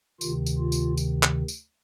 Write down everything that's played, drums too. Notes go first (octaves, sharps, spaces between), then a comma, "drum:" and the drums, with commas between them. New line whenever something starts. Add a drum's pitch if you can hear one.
D2 C3 D#3 F4, drum: tambourine
drum: tambourine
F4
drum: tambourine
drum: tambourine
drum: clap
drum: tambourine